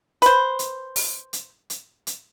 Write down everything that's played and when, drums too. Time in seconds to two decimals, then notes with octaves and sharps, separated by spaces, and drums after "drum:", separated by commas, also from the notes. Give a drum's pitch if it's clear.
0.22 B4 C5, drum: hi-hat
0.59 drum: hi-hat
0.96 drum: open hi-hat
1.33 drum: hi-hat
1.70 drum: hi-hat
2.07 drum: hi-hat